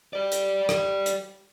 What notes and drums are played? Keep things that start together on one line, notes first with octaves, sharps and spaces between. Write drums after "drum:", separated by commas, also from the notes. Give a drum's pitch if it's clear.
G4 D5
drum: hi-hat
drum: rim click
drum: hi-hat